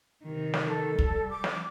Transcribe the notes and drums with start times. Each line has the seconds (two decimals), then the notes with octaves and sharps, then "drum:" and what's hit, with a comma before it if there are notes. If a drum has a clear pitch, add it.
0.25 C3 D#3
0.54 drum: snare
0.66 A4
0.99 G3, drum: kick
1.30 D6
1.44 drum: snare